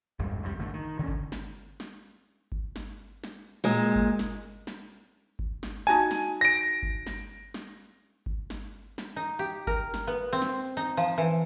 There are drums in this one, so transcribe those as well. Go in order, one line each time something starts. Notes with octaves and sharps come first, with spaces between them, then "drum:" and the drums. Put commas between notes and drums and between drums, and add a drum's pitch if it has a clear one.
G1 F2 G#2 G3
C2 F2 E3 G3
G#1 D3 A3
D#3
D3 D#3 G#3 C#4
drum: kick G1
drum: snare
drum: snare
drum: kick G1
drum: snare
drum: snare
A#2 G#3
drum: kick G1
drum: snare
drum: snare
drum: kick G1
drum: snare
D#4 F#4 G#5 A5
drum: snare
A#6 D7
drum: kick G1
drum: snare
drum: snare
drum: kick G1
drum: snare
drum: snare
D#4
G4
A#4, drum: kick G1
drum: snare
B3
C4
drum: snare
D#4
F3
E3